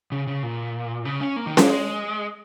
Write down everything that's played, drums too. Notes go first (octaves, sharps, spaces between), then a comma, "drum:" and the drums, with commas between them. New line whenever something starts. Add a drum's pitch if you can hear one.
C#3
C#3
A#2
C#3
C#4
A#3
D#3
F#3, drum: snare C#4
A#3
G#3